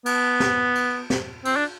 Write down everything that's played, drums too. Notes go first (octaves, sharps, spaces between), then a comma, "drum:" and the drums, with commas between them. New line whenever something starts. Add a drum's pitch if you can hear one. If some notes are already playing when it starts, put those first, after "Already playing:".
B3, drum: cymbal
drum: snare
drum: cymbal
drum: snare
C4, drum: cymbal
D4